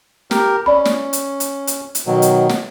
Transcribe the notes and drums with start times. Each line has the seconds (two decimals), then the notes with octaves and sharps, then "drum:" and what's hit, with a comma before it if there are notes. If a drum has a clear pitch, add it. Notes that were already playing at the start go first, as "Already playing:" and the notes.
0.31 G4 A#4, drum: snare
0.66 C#4 D5 B5
0.85 drum: snare
1.13 drum: hi-hat
1.40 drum: hi-hat
1.67 drum: hi-hat
1.95 drum: hi-hat
2.06 B2 D#3 F#3
2.22 drum: hi-hat
2.49 drum: snare